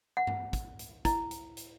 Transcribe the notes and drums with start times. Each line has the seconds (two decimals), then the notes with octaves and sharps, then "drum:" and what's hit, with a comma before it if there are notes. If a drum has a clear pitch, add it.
0.17 F#5
0.27 drum: tom G2
0.53 drum: kick, hi-hat
0.79 drum: hi-hat
1.05 E4, drum: kick, hi-hat
1.31 drum: hi-hat
1.57 drum: hi-hat